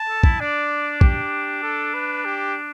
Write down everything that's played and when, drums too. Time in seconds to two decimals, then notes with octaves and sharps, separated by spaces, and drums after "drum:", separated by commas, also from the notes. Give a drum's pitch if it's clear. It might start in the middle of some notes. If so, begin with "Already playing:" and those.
Already playing: A5
0.09 A4
0.24 E4, drum: kick
0.40 D4 D5
1.01 G4, drum: kick
1.62 A4
1.94 B4
2.25 G4